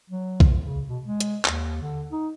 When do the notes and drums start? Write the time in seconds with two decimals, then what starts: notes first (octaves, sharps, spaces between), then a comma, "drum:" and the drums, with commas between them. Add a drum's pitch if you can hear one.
0.10 F#3
0.40 drum: kick B1
0.63 C#3
0.89 B2
1.05 G#3
1.20 drum: hi-hat
1.45 D#2, drum: clap
1.81 D3
2.12 D#4